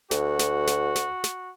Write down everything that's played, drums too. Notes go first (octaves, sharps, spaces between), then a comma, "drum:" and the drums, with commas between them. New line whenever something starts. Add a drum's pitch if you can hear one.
D2 F#4, drum: snare
drum: snare
drum: snare
drum: snare
drum: snare